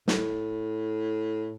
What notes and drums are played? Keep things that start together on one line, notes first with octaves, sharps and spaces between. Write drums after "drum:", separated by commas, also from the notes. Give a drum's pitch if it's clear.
A2, drum: snare